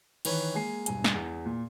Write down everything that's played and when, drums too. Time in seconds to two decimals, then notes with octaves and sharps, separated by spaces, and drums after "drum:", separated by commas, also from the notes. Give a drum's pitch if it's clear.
0.25 D#3 E3 B4 C#5, drum: cymbal
0.54 G#3 A#3 G#5 C7
0.86 E1 G2 G#5, drum: hi-hat
1.04 drum: snare
1.14 E2
1.46 A#2